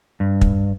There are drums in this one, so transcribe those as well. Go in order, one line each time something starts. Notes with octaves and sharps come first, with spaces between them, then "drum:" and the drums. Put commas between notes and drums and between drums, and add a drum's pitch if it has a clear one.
G2
drum: kick